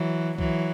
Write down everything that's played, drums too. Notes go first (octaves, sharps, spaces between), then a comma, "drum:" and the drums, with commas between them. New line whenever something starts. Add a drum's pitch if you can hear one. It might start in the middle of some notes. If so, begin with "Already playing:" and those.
Already playing: E3 F#3
E3 F#3, drum: kick C2